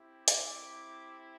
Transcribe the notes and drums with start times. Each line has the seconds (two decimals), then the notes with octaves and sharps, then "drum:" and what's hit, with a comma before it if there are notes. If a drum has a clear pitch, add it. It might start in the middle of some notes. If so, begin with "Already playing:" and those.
Already playing: C4 E4 G4
0.28 D6, drum: hi-hat